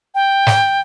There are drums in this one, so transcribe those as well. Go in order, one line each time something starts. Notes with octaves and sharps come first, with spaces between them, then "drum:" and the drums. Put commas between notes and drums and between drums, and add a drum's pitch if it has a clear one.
G5
drum: snare